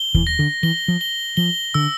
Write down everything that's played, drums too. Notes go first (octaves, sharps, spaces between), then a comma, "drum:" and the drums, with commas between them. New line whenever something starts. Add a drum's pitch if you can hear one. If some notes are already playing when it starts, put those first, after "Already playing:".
Already playing: G7
E3, drum: kick D#2
A#6
D3
E3 G7
F3
G7
F3 G7
D3 E6